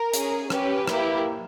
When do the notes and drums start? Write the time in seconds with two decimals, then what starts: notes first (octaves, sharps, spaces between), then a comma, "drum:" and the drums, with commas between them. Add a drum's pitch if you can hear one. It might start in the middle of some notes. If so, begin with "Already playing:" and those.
Already playing: A#4
0.13 C#4 G#4, drum: hi-hat
0.50 C#4 G4 B4, drum: rim click
0.88 A#3 E4 G4, drum: rim click